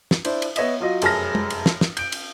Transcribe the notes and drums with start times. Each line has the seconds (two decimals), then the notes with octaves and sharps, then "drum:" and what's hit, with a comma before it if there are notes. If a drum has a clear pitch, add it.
0.11 drum: snare
0.25 D4 E4 C5, drum: cymbal
0.42 drum: cymbal
0.56 B3 C#5 D#5 E5, drum: cymbal
0.80 F#3 F4 D#5
1.02 F1 F#2 G#4 A5 F6 A#6, drum: cymbal
1.35 drum: tom G#3
1.50 drum: cymbal
1.66 drum: snare
1.81 drum: snare
1.97 G6 D7, drum: cymbal
2.12 drum: cymbal